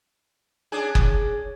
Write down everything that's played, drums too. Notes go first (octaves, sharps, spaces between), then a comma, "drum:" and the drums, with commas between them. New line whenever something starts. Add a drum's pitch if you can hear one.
C#4 D4 G#4
drum: kick F#1